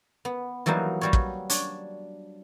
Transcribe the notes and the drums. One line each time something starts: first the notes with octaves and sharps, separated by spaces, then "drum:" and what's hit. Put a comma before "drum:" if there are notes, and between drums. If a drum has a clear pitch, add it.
B3
E3 F#3 G3 A#3 D#4
F#3 G3 C#5
drum: kick
D4 C#5, drum: hi-hat